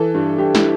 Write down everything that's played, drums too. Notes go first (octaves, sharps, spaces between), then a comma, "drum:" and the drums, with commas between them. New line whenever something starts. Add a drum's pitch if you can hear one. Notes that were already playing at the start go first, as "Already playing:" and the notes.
Already playing: E3 A4
G2
G2 G4
E4, drum: snare